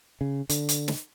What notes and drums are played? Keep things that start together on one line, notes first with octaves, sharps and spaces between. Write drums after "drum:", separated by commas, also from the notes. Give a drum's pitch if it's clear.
C#3
D3, drum: hi-hat
drum: hi-hat
drum: snare